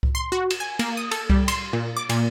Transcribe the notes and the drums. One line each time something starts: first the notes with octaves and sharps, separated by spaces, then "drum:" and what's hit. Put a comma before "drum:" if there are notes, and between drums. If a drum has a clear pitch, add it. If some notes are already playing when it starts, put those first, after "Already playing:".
drum: kick C2
C6
F#4
drum: cymbal
G#5
A#3, drum: cymbal
D#6
A4, drum: cymbal
G3, drum: kick C2
C6, drum: cymbal
A#2
D6
A#2, drum: cymbal